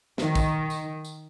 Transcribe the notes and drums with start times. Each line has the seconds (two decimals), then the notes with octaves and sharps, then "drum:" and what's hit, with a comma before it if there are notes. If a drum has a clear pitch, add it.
0.18 D#3, drum: snare
0.35 drum: kick, tambourine
0.70 drum: tambourine
1.05 drum: tambourine